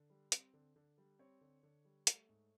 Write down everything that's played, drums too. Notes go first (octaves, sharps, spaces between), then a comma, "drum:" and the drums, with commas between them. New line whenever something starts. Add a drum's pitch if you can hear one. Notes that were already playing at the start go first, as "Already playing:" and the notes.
Already playing: D3
G3
C4, drum: hi-hat
D3
D3
G3
C4 C#5
D3
D3
G3
A3, drum: hi-hat
G#2